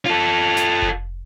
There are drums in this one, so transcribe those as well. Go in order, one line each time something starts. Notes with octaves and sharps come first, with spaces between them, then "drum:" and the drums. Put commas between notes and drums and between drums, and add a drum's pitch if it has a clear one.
F4 A4
drum: snare
drum: kick F1